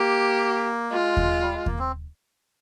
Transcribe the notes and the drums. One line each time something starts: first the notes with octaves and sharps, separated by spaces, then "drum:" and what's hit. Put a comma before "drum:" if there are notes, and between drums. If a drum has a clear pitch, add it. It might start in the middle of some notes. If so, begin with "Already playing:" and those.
Already playing: A#3 G4
G#3 F4
drum: kick D#2
G3
G#3
A#3, drum: kick D#2
C4